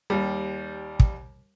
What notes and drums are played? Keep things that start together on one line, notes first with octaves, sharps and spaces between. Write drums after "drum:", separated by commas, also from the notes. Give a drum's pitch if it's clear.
D#2 G3
drum: kick